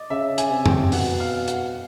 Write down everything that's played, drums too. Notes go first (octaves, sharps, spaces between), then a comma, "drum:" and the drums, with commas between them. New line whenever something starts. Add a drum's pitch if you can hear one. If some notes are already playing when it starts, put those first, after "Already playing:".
Already playing: D5 D#5
C#3 E5
G#5, drum: hi-hat
C3
G5, drum: tom F2
B2 F#5, drum: open hi-hat
F5
F#5, drum: hi-hat